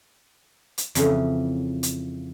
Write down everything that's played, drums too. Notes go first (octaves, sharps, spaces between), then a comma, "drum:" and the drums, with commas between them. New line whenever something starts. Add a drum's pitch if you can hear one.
drum: hi-hat
F2 C#3 E3, drum: hi-hat
drum: hi-hat